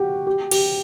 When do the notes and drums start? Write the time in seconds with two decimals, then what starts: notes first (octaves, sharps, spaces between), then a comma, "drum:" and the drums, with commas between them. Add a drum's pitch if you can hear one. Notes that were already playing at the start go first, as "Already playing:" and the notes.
Already playing: F#4 G4
0.27 G4
0.51 G4, drum: cymbal